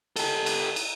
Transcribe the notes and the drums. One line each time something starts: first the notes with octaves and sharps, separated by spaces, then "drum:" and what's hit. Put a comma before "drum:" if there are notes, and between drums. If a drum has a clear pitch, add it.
G4 A4, drum: cymbal
drum: cymbal
drum: cymbal